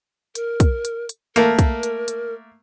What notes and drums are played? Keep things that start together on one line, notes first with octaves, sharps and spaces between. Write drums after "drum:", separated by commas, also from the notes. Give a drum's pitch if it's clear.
A#4, drum: hi-hat
drum: kick, hi-hat
drum: hi-hat
drum: hi-hat
A3 A#3 A#4, drum: hi-hat
drum: kick, hi-hat
drum: hi-hat
drum: hi-hat